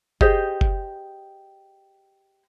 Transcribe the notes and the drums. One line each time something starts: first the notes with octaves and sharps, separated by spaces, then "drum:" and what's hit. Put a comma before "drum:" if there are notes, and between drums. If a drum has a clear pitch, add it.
G4 G#4 C5 D#5, drum: kick F#1
drum: kick F#1